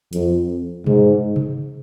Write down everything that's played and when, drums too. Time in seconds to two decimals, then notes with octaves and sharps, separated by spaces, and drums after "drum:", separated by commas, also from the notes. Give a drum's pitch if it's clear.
0.13 F2, drum: hi-hat
0.86 G#2, drum: tom B2
1.36 drum: tom C3